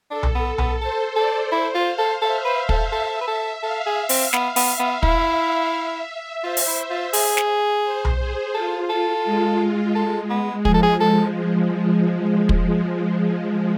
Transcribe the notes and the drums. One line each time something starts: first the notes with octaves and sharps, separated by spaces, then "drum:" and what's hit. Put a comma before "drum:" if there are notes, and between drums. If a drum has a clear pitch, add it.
D4 A4
drum: tom B1
B3
B3, drum: tom B1
A4 C5
A4 D5
E4 C5
F4
F5
A4
A4 E5
B4
A4, drum: kick
A4 E5
B4
A4
A4 F5
G#4
C4, drum: open hi-hat
B3 F5, drum: snare
B3, drum: open hi-hat
E5
B3
E4, drum: kick
E5
F4 C5
drum: open hi-hat
E4
F4
G#4, drum: open hi-hat
drum: snare
C5
drum: tom B1
G#4
F4 A4
A4
G#3
G#3 A4
B3
F3 G#4, drum: kick
A4
G#4
A4
drum: kick